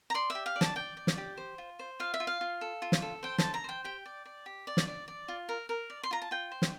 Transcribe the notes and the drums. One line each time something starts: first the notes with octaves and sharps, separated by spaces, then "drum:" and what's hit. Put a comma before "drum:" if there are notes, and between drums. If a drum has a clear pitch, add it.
A#5
D5 C6
E5
G4
F5
D5
A5, drum: snare
D5 G5
D5
drum: snare
G4
C5
F4
C5
F4 F5
E5
F4
F5
F4
A4
F4
drum: snare
A4
C5 G5
A4 A5, drum: snare
A#5
C5 G5
G4 G5
D5
D5
G4
D5
drum: snare
D5
D5
F4
A#4
A#4
D5
C6
F4 A#5
A5
F4 G5
C5
drum: snare